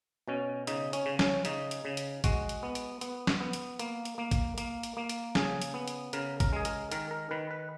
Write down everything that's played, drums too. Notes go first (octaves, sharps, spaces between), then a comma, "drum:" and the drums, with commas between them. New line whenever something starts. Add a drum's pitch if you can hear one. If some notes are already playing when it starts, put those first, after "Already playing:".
B2 C#4
C#3 D#4, drum: hi-hat
C#4, drum: hi-hat
C#3
C#4, drum: snare
C#3 D#4, drum: hi-hat
drum: hi-hat
C#3
drum: hi-hat
G#3 F#4, drum: kick, hi-hat
drum: hi-hat
B3
drum: hi-hat
B3, drum: hi-hat
drum: snare
B3
drum: hi-hat
A#3, drum: hi-hat
drum: hi-hat
A#3
drum: kick, hi-hat
A#3, drum: hi-hat
drum: hi-hat
A#3
drum: hi-hat
C#3 G#4, drum: snare
drum: hi-hat
B3
drum: hi-hat
C#3 A#4, drum: hi-hat
A#4, drum: kick, hi-hat
G#3 G#4
A#4, drum: hi-hat
D#3 A#4, drum: hi-hat
A#4
D#3 B4
B4